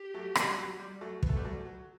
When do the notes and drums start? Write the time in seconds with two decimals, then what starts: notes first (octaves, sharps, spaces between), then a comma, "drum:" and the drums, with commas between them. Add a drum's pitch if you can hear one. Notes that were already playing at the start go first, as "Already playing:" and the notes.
Already playing: G4
0.14 F#3 A3
0.35 G3, drum: rim click
0.58 F#3
0.80 G3
1.01 F#3 A3
1.23 B3, drum: kick
1.29 A3
1.36 G3 B3
1.45 F#3 A3
1.65 F#3